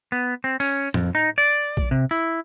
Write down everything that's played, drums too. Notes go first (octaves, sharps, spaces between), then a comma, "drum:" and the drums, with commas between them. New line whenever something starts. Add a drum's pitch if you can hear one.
B3
C4
C#4, drum: open hi-hat
F2, drum: tom A2
D#4
D5
drum: kick
C3
E4